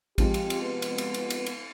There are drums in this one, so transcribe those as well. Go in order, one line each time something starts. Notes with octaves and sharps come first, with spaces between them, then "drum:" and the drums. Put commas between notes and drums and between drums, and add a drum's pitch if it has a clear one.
C3 F3 G#3 G4, drum: kick A1, cymbal
drum: cymbal
drum: cymbal
B3
drum: cymbal
drum: cymbal
drum: cymbal
drum: cymbal
drum: cymbal